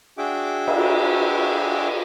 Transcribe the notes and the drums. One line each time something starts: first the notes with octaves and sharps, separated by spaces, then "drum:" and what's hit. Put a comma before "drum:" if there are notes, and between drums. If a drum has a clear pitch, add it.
D4 F#4 G#4 E5 G5 D6
drum: cymbal